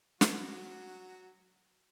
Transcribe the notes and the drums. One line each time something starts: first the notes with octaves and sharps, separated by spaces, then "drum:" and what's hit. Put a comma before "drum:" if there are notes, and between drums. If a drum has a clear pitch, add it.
F#3 F#4, drum: snare